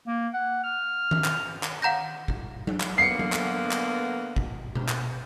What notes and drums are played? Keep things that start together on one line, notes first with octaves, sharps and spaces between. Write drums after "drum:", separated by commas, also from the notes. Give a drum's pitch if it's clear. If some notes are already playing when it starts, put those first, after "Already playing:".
A#3
F#5
F6
drum: tom D#3
drum: clap
drum: clap
F5 F#5 A#5 G6 A#6
drum: kick
drum: tom F#3
drum: clap
D3 A#3 B3 C7 C#7
drum: tom F#3
drum: clap
drum: clap
drum: kick
drum: tom B2
drum: clap